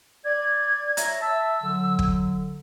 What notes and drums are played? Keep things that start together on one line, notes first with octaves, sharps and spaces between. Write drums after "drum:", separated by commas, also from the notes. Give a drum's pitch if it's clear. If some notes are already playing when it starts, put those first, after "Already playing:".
D5 G#6
C#5 E5 A#5, drum: hi-hat
E5 A5 E6
D3 F#3
drum: kick